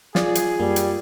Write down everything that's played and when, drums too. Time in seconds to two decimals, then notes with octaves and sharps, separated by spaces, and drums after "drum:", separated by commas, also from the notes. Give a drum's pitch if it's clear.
0.15 F4 G#4 D5, drum: snare
0.35 drum: hi-hat
0.59 F#2 G3 A#3 G#5
0.76 drum: hi-hat